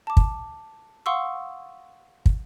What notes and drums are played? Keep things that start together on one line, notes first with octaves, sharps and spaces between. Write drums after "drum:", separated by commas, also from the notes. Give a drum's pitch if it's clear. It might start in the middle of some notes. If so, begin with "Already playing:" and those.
A5 D6
drum: kick
F5 F#5 C6 C#6 D#6 E6
drum: kick